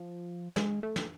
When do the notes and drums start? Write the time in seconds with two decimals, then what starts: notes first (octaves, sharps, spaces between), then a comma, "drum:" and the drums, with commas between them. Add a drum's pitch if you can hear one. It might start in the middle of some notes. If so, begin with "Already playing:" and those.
Already playing: F3
0.56 G#3, drum: snare
0.83 A3
0.96 drum: snare